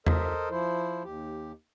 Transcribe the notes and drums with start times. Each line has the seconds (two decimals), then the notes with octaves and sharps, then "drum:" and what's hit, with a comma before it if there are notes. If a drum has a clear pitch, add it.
0.06 A4 A#4 C5 D#5, drum: tom E2
0.50 F3 E4 C5
1.04 D#2 G4